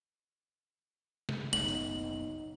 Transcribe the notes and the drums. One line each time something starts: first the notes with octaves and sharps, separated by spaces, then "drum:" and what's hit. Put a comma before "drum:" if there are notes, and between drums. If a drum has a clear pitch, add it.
drum: snare
F#1 B1 F#2 D#4 F#7, drum: snare
drum: hi-hat